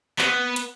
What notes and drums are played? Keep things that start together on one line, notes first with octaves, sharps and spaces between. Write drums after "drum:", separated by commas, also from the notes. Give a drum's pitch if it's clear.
B3, drum: clap
drum: hi-hat